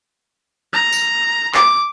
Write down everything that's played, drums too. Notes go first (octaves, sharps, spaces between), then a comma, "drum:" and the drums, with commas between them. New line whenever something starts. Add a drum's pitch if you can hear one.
A#5
drum: tambourine
D6, drum: clap